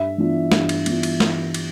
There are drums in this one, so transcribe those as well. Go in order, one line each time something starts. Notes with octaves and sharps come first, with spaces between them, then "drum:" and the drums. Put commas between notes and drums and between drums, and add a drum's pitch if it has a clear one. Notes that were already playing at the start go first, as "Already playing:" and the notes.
Already playing: G2 E5
E3 B3 D4 F4
G2, drum: snare
drum: cymbal
E3 B3 D4 F4, drum: cymbal
drum: cymbal
drum: snare
drum: cymbal